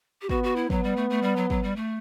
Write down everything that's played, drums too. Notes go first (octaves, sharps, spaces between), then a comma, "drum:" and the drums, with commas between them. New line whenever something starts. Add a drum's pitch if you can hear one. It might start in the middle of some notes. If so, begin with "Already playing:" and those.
G4
B3 F#4, drum: kick
F#4
E4
F#3 B3, drum: kick
G3
A3
A3
G3
F#3
F#3, drum: kick
G3
A3